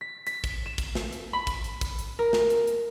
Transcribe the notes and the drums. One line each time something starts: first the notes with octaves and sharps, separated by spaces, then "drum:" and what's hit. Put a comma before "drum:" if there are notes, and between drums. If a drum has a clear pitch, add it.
B6
B6, drum: hi-hat
drum: kick, hi-hat
E7
drum: kick, hi-hat
drum: snare
drum: hi-hat
B5
drum: kick, hi-hat
drum: hi-hat
drum: kick, hi-hat
drum: hi-hat
A#4
drum: snare
drum: hi-hat
drum: hi-hat